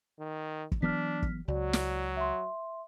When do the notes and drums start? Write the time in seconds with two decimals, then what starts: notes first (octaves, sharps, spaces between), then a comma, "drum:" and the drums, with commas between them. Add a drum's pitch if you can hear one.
0.19 D#3
0.72 drum: kick
0.82 E3 F#3 B3 D4 F6 B6
1.22 drum: kick
1.48 C#2 F#3 F#4 D5
1.73 drum: snare
2.17 E5 C6